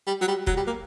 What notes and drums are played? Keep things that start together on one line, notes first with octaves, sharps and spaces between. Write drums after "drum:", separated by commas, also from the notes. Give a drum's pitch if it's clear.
G3
F#3
G3
F#3, drum: kick
G3
A#3